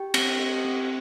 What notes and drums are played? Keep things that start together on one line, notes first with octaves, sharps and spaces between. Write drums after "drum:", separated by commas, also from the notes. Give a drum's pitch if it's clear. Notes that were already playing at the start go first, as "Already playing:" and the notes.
Already playing: G4 G5
C4, drum: cymbal
G4
C4